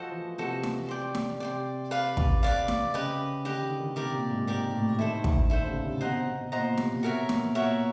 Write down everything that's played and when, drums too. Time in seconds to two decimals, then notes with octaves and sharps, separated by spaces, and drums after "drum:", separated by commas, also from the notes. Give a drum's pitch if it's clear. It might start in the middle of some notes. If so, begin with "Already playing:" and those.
Already playing: F3 F#4 A4 C5 D#5
0.12 E3
0.38 C3 F#4 A4 C5 D#5
0.63 drum: snare
0.89 D5 G5 C6
1.15 drum: snare
1.40 C3 D5 G5 C6
1.91 B4 D5 F5
2.17 drum: kick
2.43 B4 D5 F5
2.68 drum: snare
2.94 C#3 G4 B4 D#5
3.45 D3 G4 B4 D#5
3.62 D#3
3.80 D#3
3.96 C3 G4 A#4 D5 G5
4.13 A#2
4.31 G#2
4.47 G#2 G4 A#4 D5 G5
4.73 A2
4.99 D#3 E4 A4 C5
5.24 drum: kick
5.50 D3 E4 A4 C5
5.67 C#3
5.84 C3
6.01 B2 C5 D#5 F#5 A#5
6.27 B2
6.52 A#2 C5 D#5 F#5 A#5
6.77 C3, drum: snare
7.03 B2 F#4 A#4 C#5 E5
7.29 A#2, drum: snare
7.54 A#2 F#4 A#4 C#5 E5